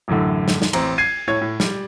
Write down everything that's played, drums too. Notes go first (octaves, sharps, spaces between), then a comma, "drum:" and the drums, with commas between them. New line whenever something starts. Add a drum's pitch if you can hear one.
A1 F#2 A2 D3
drum: snare
drum: snare
A1 C4 A#5, drum: cymbal
G#6 C7 D#7
A2 C#5 G#6
A2
G3, drum: snare